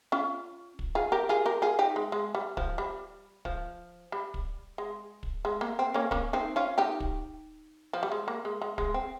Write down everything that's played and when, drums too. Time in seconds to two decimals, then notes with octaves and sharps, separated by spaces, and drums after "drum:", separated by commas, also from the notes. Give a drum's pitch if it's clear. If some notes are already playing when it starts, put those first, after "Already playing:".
0.12 C#4 F4
0.79 drum: kick
0.95 F4 G#4
1.12 G4 A#4
1.29 F4 G#4
1.46 G4 A#4
1.62 F4 G#4
1.79 D#4 G4
1.96 G#3
2.12 G#3
2.35 G3
2.57 F3, drum: kick
2.78 G3
3.45 F3, drum: kick
4.12 G3
4.34 drum: kick
4.78 G#3
5.23 drum: kick
5.45 G#3
5.61 A#3
5.79 C4
5.94 A#3 C#4
6.11 A#3 C#4, drum: kick
6.33 C4 D#4
6.56 C#4 F4
6.78 D#4 G4
7.00 drum: kick
7.93 F3
8.03 G3
8.12 G#3
8.28 A#3
8.45 G#3
8.62 G#3
8.78 G#3, drum: kick
8.94 C4